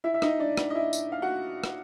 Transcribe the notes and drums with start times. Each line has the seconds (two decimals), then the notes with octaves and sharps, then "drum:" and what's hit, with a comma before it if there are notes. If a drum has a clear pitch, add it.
0.04 E4 E5
0.14 E5
0.22 D#4 D#5, drum: rim click
0.39 D4 D5
0.57 drum: rim click
0.70 D#5
0.75 E4 E5
0.93 drum: tambourine
1.12 F5
1.22 F#4 F#5
1.64 drum: rim click